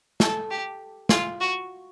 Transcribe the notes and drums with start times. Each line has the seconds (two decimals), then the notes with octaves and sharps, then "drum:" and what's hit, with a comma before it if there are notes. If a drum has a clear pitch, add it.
0.20 A4, drum: snare
0.51 G4
1.09 F4, drum: snare
1.40 F#4